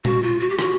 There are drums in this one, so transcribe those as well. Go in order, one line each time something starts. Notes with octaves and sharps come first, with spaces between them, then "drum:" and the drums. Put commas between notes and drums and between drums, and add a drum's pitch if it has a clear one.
F#4, drum: tom A#2
F4
F#4
G4
F#4, drum: rim click